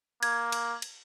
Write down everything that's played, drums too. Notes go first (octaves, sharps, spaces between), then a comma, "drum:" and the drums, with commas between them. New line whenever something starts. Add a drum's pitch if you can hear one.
A#3 G#6, drum: cymbal
drum: cymbal
drum: cymbal